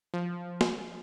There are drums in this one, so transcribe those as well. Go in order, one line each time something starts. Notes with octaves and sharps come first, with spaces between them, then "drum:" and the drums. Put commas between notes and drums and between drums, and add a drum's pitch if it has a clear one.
F3
drum: snare